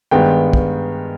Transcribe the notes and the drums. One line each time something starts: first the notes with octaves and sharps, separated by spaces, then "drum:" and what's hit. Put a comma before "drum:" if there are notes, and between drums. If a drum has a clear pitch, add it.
G2 D#3 G#3 B3 G5
drum: kick